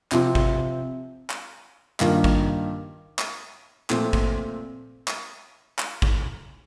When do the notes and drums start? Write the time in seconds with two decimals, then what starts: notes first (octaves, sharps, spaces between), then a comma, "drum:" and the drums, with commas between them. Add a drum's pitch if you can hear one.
0.12 C3 F3 C4, drum: clap
0.35 drum: kick A1
1.30 drum: clap
2.00 G2 D#3 A#3 F4, drum: clap
2.24 drum: kick A1
3.19 drum: clap
3.90 A#2 F3 A3 C4, drum: clap
4.13 drum: kick A1
5.08 drum: clap
5.79 drum: clap
6.02 drum: kick A1